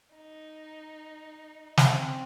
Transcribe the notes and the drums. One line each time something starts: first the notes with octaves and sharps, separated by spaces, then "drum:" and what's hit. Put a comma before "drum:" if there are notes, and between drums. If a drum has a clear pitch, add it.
D#4
drum: snare
C4